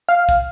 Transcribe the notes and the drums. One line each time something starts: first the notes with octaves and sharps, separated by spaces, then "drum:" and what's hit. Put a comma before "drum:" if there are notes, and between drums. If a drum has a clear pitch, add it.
F5
drum: kick